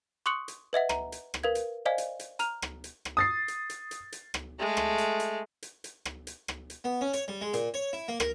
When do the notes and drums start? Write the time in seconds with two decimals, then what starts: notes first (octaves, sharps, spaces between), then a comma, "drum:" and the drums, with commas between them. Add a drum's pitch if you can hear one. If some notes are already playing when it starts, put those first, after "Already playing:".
0.26 C6 C#6 D#6 F#6 C#7 F#7
0.48 drum: hi-hat
0.73 B4 D#5 E5 F#5
0.89 A#5, drum: rim click
1.12 drum: hi-hat
1.34 drum: rim click
1.43 A#4 B4 F5 G#6
1.55 drum: hi-hat
1.86 C5 D5 D#5 F5 G#5
1.98 drum: hi-hat
2.19 drum: hi-hat
2.39 A#5 F6 F7, drum: hi-hat
2.62 drum: rim click
2.84 drum: hi-hat
3.05 drum: rim click
3.17 D#6 A6 C7
3.48 drum: hi-hat
3.70 drum: hi-hat
3.91 drum: hi-hat
4.12 drum: hi-hat
4.34 drum: rim click
4.59 G#3 A3
4.77 drum: rim click
4.98 drum: hi-hat
5.20 drum: hi-hat
5.63 drum: hi-hat
5.84 drum: hi-hat
6.05 drum: rim click
6.27 drum: hi-hat
6.48 drum: rim click
6.70 drum: hi-hat
6.84 B3
7.01 C#4
7.13 C#5, drum: hi-hat
7.28 G3
7.41 G#3
7.53 A#2, drum: hi-hat
7.74 C#5
7.93 E4
8.08 A#3
8.20 A#4, drum: rim click